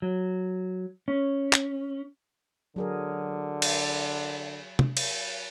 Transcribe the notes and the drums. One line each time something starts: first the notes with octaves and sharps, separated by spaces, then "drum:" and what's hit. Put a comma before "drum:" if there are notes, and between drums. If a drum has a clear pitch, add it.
F#3
C#4
drum: clap
D3 F#3 G#4 A#4
drum: cymbal
drum: tom
drum: cymbal